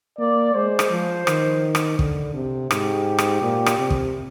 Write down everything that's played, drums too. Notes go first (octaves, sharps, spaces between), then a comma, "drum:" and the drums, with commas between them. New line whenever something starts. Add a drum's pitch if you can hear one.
A#3 D5
G#3 C5
drum: rim click
F3
D#3, drum: rim click
drum: rim click
D3, drum: kick
C3
G#2 G4, drum: rim click
drum: rim click
A#2
drum: rim click
C3
drum: kick